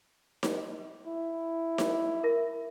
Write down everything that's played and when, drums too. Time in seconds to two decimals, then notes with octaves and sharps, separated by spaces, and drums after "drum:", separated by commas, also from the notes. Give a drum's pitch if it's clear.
0.43 drum: snare D#4
1.07 E4
1.78 drum: snare D#4
2.23 A#4 E5